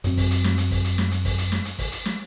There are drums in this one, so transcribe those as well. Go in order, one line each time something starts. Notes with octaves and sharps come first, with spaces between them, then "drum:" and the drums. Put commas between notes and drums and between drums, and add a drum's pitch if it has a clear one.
F#2 C4, drum: hi-hat
drum: kick, open hi-hat
drum: hi-hat
drum: snare
drum: hi-hat
drum: kick, open hi-hat
drum: hi-hat
drum: snare
drum: hi-hat
drum: kick, open hi-hat
drum: hi-hat
drum: snare
drum: hi-hat
drum: kick, open hi-hat
drum: hi-hat
drum: snare